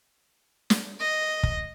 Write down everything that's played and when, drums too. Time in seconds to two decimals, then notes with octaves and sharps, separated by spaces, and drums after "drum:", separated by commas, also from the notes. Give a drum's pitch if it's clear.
0.70 drum: snare
1.00 D#5
1.43 drum: kick